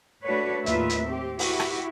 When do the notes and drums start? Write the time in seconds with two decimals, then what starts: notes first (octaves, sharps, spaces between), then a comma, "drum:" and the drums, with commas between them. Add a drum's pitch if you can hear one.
0.23 A3 D4 F#4 B4 C#5
0.66 D#2 A2 D#3 F4 B4 E5, drum: hi-hat
0.90 drum: hi-hat
1.05 C4 G4
1.39 E4 F#4 G4, drum: open hi-hat
1.60 drum: rim click